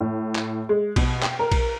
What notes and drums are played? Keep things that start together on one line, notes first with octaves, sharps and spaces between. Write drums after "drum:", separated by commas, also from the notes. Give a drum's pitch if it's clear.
A2
drum: clap
G#3
B2, drum: kick A#1, cymbal
G5, drum: clap
A#4
drum: kick A#1, cymbal